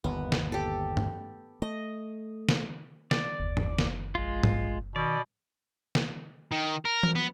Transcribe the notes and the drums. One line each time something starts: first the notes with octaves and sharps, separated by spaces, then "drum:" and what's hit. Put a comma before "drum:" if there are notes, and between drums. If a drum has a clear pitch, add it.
G1 D#2 A#2 B3
drum: snare
G4 A4
drum: tom G2
A3 D#5
drum: snare
D5, drum: snare
F#1 D#2
drum: tom G2
drum: snare
A#1 G#3 F4
drum: tom G#2
B2 D#3 D5
drum: snare
D#3
A#4
drum: tom E3
B3